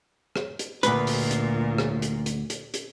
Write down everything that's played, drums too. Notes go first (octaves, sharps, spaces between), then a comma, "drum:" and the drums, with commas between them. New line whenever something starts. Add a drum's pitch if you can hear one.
drum: rim click
drum: hi-hat
D2 A#2 B4, drum: hi-hat
drum: open hi-hat
drum: hi-hat
drum: rim click
drum: hi-hat
drum: hi-hat
drum: hi-hat
drum: hi-hat